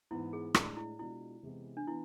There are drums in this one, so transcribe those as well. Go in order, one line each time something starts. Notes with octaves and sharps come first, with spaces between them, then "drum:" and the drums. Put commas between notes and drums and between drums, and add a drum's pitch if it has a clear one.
G#2 E3 B3 E4
G#4
A2 G#3 D4 E4, drum: rim click
E4
B2 G#3 D4 E4 F4
C3 E3 G#3 B3
D4
E3 B3 E4